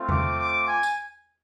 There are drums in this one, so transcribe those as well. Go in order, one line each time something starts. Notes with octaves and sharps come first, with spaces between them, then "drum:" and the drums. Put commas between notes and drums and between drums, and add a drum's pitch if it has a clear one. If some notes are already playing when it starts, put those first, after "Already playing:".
Already playing: A3 C4 F4
D6, drum: tom E2
D6
G#5
drum: tambourine